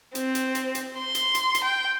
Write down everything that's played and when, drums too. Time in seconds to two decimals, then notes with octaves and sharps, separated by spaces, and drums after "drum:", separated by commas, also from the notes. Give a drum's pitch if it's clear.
0.15 C4, drum: hi-hat
0.35 drum: hi-hat
0.55 drum: hi-hat
0.75 drum: hi-hat
0.99 C6
1.15 drum: hi-hat
1.35 drum: hi-hat
1.55 drum: hi-hat
1.64 G5